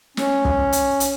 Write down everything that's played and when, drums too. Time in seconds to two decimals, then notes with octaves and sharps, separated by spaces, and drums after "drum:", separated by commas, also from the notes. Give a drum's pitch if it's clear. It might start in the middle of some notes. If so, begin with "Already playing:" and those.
0.17 C#4, drum: snare
0.45 drum: kick
0.72 drum: hi-hat
1.00 drum: hi-hat